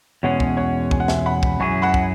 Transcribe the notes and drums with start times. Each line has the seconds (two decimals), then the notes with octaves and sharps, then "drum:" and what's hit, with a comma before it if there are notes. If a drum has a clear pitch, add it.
0.23 E2 B2 G#3 C#4 G#4 C#5 F#5
0.40 drum: kick
0.57 C#5 F#5
0.91 G#5, drum: kick
1.00 F#5
1.08 E5 G#5, drum: snare
1.26 F#5 B5
1.43 drum: kick
1.60 F#2 F#3 E4 G#4 G#5 C#6
1.82 F#5 B5
1.94 drum: kick